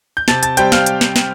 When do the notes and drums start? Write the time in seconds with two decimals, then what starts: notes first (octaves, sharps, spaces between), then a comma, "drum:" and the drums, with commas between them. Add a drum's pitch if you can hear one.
0.17 G6
0.28 C3 A5 A6, drum: snare
0.43 A5 A6, drum: hi-hat
0.57 G3 C4 G5 G6, drum: hi-hat
0.72 F5 F6, drum: snare
0.86 drum: hi-hat
1.01 drum: snare
1.16 drum: snare